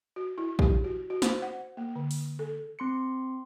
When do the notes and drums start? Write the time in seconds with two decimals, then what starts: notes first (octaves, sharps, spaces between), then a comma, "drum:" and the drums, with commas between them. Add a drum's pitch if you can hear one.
0.16 F#4
0.38 E4
0.59 G4, drum: kick A#1
0.84 F#4
1.10 F#4
1.22 C5, drum: snare
1.42 F#5
1.77 A#3
1.96 D3
2.11 drum: open hi-hat
2.39 A4
2.79 C4 C6 C#7